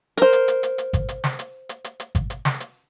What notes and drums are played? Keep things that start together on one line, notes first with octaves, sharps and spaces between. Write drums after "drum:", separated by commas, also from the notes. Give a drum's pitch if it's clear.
A#4 C5, drum: hi-hat
drum: hi-hat
drum: hi-hat
drum: hi-hat
drum: hi-hat
drum: kick G#1, hi-hat
drum: hi-hat
drum: snare
drum: hi-hat
drum: hi-hat
drum: hi-hat
drum: hi-hat
drum: kick G#1, hi-hat
drum: hi-hat
drum: snare
drum: hi-hat